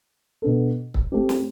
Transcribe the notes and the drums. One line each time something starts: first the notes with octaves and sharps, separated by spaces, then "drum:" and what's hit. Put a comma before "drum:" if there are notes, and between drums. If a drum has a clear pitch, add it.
B2 B3 D4 A4
drum: kick
A3 C4 G4
drum: snare